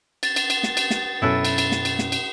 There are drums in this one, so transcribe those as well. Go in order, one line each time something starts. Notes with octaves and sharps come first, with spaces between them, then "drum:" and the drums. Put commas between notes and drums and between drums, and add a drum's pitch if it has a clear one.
A6, drum: cymbal
drum: cymbal
drum: cymbal
drum: snare
drum: cymbal
drum: snare
F#2 B2 C#4 E4 A4 B4
drum: cymbal
drum: cymbal
drum: snare
drum: cymbal
drum: snare
drum: cymbal